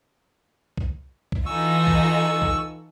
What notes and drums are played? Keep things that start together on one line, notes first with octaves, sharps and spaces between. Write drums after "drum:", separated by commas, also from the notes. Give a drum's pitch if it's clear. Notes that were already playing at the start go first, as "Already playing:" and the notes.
drum: kick
drum: kick
E3 D#4 F4 A4 F#5 G#5 C#6 E6
drum: kick
drum: kick